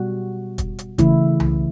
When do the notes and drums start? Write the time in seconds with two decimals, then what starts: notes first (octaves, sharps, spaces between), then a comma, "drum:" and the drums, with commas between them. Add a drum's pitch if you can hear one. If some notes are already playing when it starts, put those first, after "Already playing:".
Already playing: B2 G3 F#4
0.58 drum: kick, hi-hat
0.79 drum: hi-hat
0.98 C#3 E3 A3 E4, drum: kick, hi-hat
1.40 drum: tom C2